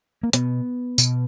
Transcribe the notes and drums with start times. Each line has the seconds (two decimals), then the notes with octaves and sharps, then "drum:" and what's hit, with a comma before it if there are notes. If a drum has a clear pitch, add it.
0.23 A#3
0.33 B2 B3, drum: hi-hat
0.98 B2, drum: tambourine